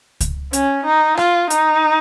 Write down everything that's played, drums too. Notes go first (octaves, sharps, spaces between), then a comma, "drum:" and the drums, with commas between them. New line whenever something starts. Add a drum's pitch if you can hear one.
drum: kick C#2, hi-hat
C#4, drum: hi-hat
D#4
F4, drum: rim click
D#4, drum: hi-hat